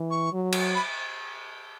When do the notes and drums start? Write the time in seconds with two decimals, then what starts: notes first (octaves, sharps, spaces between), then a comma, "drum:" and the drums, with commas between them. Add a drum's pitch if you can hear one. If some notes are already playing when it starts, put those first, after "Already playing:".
Already playing: E3
0.11 C#6
0.33 F#3
0.52 drum: cymbal
0.75 B5